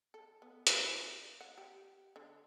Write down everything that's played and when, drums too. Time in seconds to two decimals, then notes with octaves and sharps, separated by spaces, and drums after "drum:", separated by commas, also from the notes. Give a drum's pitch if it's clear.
0.14 A4
0.42 B3
0.67 drum: hi-hat
0.77 E4
1.41 F#5
1.58 G4
2.16 D3